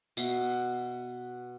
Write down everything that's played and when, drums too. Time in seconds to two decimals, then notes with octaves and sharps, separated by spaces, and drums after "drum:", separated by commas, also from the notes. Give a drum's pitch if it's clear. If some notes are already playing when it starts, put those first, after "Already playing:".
0.17 B2 E5, drum: tambourine